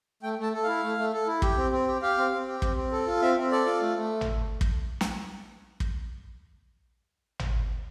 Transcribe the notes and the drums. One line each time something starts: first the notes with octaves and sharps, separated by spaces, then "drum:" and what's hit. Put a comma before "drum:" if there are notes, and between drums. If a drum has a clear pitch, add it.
A3 G5
A3 A5
A4
E4 F5
A3
A3
A4
E4
G4, drum: kick
C4
C4
G4
G4 F5
C4
C4
G4
C4, drum: kick
C4
A4
F4
C4 E5
C4
A4 D5
F4
A3
A3
drum: tom
drum: kick
drum: snare
drum: kick
drum: tom